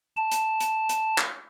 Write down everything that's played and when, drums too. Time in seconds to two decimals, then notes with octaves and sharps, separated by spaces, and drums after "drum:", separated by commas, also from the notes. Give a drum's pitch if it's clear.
0.17 A5
0.31 drum: hi-hat
0.60 drum: hi-hat
0.89 drum: hi-hat
1.18 drum: clap